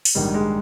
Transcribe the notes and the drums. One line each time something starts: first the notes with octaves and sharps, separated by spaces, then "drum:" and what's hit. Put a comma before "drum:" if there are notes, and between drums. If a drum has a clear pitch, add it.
drum: open hi-hat
A#1 G#2 D#3 G3
G#3